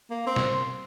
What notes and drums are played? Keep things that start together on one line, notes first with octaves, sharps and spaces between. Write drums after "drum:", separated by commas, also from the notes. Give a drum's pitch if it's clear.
A#3
C4
drum: snare